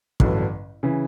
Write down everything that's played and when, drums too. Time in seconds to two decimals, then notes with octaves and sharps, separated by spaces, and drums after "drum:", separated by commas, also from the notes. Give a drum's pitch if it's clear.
0.20 A1 G2 D3 F#3, drum: kick
0.83 C#3 E3